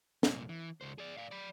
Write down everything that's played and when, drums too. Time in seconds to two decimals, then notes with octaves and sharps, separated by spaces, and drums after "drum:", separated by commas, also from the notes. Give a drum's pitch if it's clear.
0.23 C2 A#2, drum: snare
0.49 E3
0.81 C#2 C5
0.98 G#4 D5
1.17 D5 F5
1.31 D5 B5